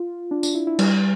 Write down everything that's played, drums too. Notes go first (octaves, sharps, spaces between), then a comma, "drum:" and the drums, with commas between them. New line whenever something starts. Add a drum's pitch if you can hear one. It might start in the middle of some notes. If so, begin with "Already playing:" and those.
Already playing: F4
D4
D4, drum: tambourine
E4
E4
G3, drum: cymbal